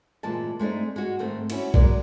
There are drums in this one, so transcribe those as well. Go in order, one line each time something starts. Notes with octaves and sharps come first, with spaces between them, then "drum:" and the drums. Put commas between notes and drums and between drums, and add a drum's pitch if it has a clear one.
D2 A#2 E3 G#3 C4 A5
G#3 A3 C4 D4 D#4
G#3 F#4
G#2 D#3 A3 C4
C#4 E4 F#4, drum: cymbal
F#3 G#3 A#4 D5, drum: kick B1